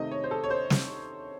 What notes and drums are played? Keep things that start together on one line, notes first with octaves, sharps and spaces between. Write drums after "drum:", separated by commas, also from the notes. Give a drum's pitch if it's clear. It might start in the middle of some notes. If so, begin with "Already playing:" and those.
Already playing: C3 D#3 A3 D#5
C#5
C5
A4
C#5
C5
drum: snare